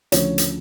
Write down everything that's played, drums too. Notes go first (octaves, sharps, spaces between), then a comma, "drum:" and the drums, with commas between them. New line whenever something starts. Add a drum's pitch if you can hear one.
D2 C#3 F3 C#5, drum: hi-hat
drum: hi-hat